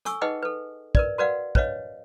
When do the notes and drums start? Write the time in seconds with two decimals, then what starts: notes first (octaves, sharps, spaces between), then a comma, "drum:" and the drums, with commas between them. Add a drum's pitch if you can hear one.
0.05 A4 G#5 C#6 E6, drum: hi-hat
0.21 D#4 G#4 B4 D#5 F#5 G5
0.43 A4 B4
0.95 A#4 B4 D5, drum: kick
1.18 F#4 A#4 B4 D5 F5 F#5
1.55 C#4 B4 C#5 D#5 F5, drum: kick